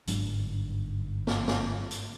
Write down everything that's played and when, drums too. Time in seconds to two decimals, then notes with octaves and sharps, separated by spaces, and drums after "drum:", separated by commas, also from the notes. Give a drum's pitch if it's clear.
0.07 G1 G#2 F#3 D4, drum: hi-hat
1.27 drum: snare
1.48 drum: snare
1.91 drum: hi-hat